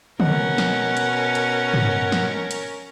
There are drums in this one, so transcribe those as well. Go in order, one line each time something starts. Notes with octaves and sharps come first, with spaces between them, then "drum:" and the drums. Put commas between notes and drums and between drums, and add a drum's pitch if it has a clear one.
B2 C#4 A#4 F#5, drum: tom
drum: snare
drum: hi-hat
drum: hi-hat
drum: tom
drum: snare
drum: hi-hat